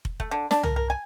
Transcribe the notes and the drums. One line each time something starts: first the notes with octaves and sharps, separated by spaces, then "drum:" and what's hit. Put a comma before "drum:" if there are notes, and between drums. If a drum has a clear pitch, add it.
drum: kick
A3, drum: kick
D3
D4, drum: snare
A#4, drum: tom C2
A#4
G#5